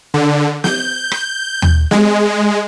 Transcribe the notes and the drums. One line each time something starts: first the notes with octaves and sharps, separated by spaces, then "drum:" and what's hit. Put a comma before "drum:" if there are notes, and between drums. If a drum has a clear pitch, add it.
D3
G6, drum: snare
drum: rim click
drum: tom
G#3, drum: snare